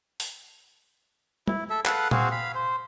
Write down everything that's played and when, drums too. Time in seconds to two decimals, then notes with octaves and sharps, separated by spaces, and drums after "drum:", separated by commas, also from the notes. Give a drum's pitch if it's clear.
0.20 drum: open hi-hat
1.48 E4, drum: tom
1.70 A4 E5
1.85 A4 B4 F5 F#5, drum: clap
2.11 C4 F#4 G#4 F5, drum: tom A#2
2.31 F5 B5
2.55 C5